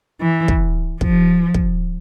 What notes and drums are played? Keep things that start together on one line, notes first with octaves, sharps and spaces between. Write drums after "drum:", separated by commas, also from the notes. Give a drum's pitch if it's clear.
E3
drum: kick
F3, drum: kick
drum: kick